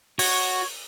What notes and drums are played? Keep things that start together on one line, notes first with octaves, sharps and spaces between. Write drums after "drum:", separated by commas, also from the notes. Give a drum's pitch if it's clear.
F#4 C#5, drum: open hi-hat